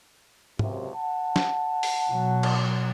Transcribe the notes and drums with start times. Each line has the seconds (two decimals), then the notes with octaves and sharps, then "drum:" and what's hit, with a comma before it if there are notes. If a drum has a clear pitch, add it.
0.59 C#2 F#2 C3, drum: tom G#2
0.95 F#5 A5
1.36 drum: snare
1.83 drum: open hi-hat
2.09 B2 F#3
2.43 drum: cymbal